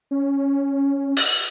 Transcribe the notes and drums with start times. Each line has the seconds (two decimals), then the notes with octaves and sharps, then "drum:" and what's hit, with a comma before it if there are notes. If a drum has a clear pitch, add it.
0.11 C#4
1.17 drum: cymbal